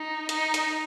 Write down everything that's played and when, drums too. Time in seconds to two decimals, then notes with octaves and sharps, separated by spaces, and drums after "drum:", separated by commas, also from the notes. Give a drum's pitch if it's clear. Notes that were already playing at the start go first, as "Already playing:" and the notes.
Already playing: D#4
0.29 D#4, drum: hi-hat
0.54 drum: hi-hat